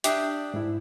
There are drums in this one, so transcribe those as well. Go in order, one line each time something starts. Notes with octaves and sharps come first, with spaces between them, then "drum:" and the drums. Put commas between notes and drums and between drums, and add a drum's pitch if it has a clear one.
D4 G4 E5 D6 D#6 G6, drum: hi-hat
G#2 E4